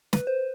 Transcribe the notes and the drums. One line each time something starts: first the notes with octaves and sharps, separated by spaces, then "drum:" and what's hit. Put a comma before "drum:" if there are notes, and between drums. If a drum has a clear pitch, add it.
B4, drum: snare
C5